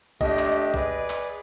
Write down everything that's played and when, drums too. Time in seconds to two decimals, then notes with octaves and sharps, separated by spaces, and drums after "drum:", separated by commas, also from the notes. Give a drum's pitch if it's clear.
0.21 A3 D4 G4 D#5, drum: kick
0.39 drum: clap
0.74 G#4 B4 D5, drum: kick
1.10 drum: clap